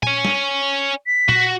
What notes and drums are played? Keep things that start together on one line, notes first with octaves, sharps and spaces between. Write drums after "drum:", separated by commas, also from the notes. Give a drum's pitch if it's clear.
C#5 G#5, drum: tom A#2
drum: snare
B6
F#4, drum: tom A#2